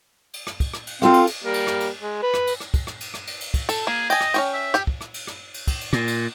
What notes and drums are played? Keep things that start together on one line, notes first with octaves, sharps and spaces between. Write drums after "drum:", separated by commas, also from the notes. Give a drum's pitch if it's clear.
drum: cymbal
drum: rim click
drum: kick, cymbal
drum: rim click
drum: cymbal
C4 F4 A4 F5, drum: rim click
drum: cymbal
drum: cymbal
G3 A#3
drum: cymbal
drum: rim click
drum: cymbal
G#3
B4
drum: rim click
drum: cymbal
drum: rim click
drum: kick, cymbal
drum: rim click
drum: cymbal
drum: rim click
drum: cymbal
drum: cymbal
drum: kick, cymbal
A4, drum: cymbal
A#3 G#4
D#5 G5 G#5, drum: cymbal
drum: rim click
C#4 F#4 G5, drum: cymbal
E5
G4 G5, drum: rim click
drum: kick
drum: rim click
drum: cymbal
drum: rim click
drum: cymbal
drum: kick, cymbal
drum: cymbal
A#2, drum: rim click
drum: cymbal